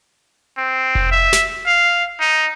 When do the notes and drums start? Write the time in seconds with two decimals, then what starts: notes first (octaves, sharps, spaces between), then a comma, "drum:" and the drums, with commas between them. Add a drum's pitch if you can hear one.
0.58 C4
0.95 drum: kick F1
1.12 E5
1.33 drum: snare
1.67 F5
2.20 D#4